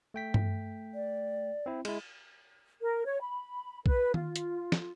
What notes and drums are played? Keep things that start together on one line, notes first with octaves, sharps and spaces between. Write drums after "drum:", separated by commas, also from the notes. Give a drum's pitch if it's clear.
A3 G5 B6
drum: tom G2
D5
C4 E4
G#3 E4, drum: cymbal
A#4
C#5
B5
B4, drum: kick
F4, drum: tom D#3
drum: hi-hat
drum: snare